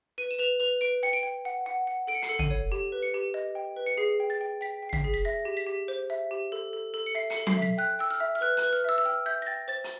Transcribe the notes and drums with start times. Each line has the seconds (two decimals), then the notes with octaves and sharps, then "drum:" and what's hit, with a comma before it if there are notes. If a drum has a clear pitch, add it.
0.18 B4 D#7
0.31 E7
0.39 B4 F7
0.60 B4 F7
0.81 B4 D7
1.03 G5 C#7
1.13 D7
1.23 G5
1.45 F#5
1.66 F#5
1.87 F#5
2.07 A4 D7
2.15 C#7
2.22 C7, drum: hi-hat
2.29 A4 C#7
2.39 D#7, drum: tom
2.50 C#5
2.72 G4
2.92 B4
3.02 C#7
3.14 G4
3.34 D#5
3.55 G5
3.76 B4
3.86 C#7
3.98 G#4 C7
4.20 G5
4.30 A6
4.41 G5
4.61 G5 B6
4.83 G5
4.89 C7
4.93 B6, drum: tom
5.04 G#4
5.14 B6
5.25 E5 A#6
5.45 G4
5.57 B6
5.67 G4
5.88 C5
6.10 E5
6.31 G4
6.52 A4
6.73 A4
6.94 A4
7.06 C#7
7.15 E5 C7
7.30 C#7, drum: hi-hat
7.37 A4
7.47 C7, drum: tom F#3
7.57 E5 B6
7.78 G5 F#6
7.99 G5 E6
8.10 F6
8.20 E5
8.35 F6
8.41 B4 F#6
8.57 F#6, drum: hi-hat
8.63 B4
8.73 F6
8.84 E5 E6
8.98 E6
9.05 G5 F6
9.26 E5 G6
9.42 A#6
9.47 G5 A6
9.68 C5 A6
9.84 drum: hi-hat